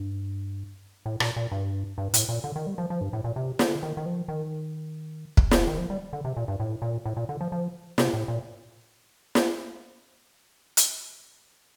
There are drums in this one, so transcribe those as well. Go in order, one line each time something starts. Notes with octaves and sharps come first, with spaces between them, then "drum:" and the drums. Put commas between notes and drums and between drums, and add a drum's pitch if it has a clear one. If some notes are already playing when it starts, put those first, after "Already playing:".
Already playing: G2
A2
A#2, drum: rim click
A#2
G2
G2
A2, drum: hi-hat
A#2
D3
D#3
G3
F3
F3
G2
A2
A#2
C3
D3, drum: snare
D#3
D#3
F3
D#3
drum: kick
drum: snare
D#3
F3
G3
D3
C3
A#2
G2
A2
A#2
A2
A#2
D3
F3
F3
C3, drum: snare
A2
A#2
drum: snare
drum: hi-hat